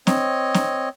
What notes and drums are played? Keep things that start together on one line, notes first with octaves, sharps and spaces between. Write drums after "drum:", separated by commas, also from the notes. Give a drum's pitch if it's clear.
C4 C#5 D#5, drum: snare C4
drum: snare C4